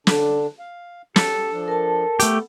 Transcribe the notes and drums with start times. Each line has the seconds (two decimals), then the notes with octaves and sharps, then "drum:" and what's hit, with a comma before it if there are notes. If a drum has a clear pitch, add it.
0.07 D3 D4, drum: snare
0.59 F5
1.16 G4 A4, drum: snare
1.53 F3 D4
1.68 A#4 A5
2.20 A3 B3 G4 A4, drum: hi-hat